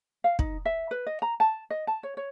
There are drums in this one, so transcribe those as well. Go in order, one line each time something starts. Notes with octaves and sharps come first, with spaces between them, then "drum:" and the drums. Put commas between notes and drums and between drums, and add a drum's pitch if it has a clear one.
F5
D#4, drum: kick
E5
B4
D#5
A#5
A5
D#5
A5
C#5
C#5